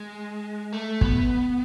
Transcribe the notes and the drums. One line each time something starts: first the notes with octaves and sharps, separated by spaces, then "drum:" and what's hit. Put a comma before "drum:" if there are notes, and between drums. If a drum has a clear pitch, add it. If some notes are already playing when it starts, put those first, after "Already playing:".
Already playing: G#3
A3
B3, drum: kick